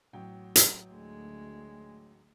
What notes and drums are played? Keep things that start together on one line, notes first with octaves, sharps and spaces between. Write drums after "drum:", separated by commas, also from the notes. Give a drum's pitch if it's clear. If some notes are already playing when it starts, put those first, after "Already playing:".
A1 F#3 G5
drum: hi-hat
D2 G#3